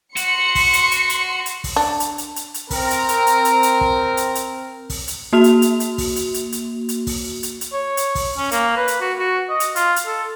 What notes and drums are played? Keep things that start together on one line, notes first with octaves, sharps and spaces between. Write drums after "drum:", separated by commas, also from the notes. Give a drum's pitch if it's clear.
F#4 C6 C#7, drum: hi-hat
drum: kick, open hi-hat
drum: hi-hat
drum: hi-hat
drum: hi-hat
drum: hi-hat
drum: kick, open hi-hat
D4
drum: hi-hat
drum: hi-hat
drum: hi-hat
drum: hi-hat
C4 A#4, drum: kick, open hi-hat
drum: hi-hat
drum: hi-hat
drum: hi-hat
drum: hi-hat
drum: hi-hat
drum: kick
drum: hi-hat
drum: hi-hat
drum: kick, open hi-hat
drum: hi-hat
A#3 F#4 F7
drum: hi-hat
drum: hi-hat
drum: hi-hat
drum: kick, open hi-hat
drum: hi-hat
drum: hi-hat
drum: hi-hat
drum: hi-hat
drum: kick, open hi-hat
drum: hi-hat
drum: hi-hat
C#5
drum: hi-hat
drum: kick, open hi-hat
C#4
A#3, drum: hi-hat
B4
drum: hi-hat
F#4
F#4
D#5
drum: hi-hat
F4, drum: hi-hat
drum: hi-hat
A4